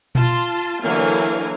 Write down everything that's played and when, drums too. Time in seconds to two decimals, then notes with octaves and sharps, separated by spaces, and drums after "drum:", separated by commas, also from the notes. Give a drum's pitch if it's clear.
0.15 F4 A5 C6, drum: tom A#2
0.81 D3 E3 F#3 A#3 F5 G#5